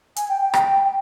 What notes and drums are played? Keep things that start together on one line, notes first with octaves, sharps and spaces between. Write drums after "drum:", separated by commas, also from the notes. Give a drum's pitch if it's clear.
G#5, drum: hi-hat
G5
G5
G5, drum: rim click
G5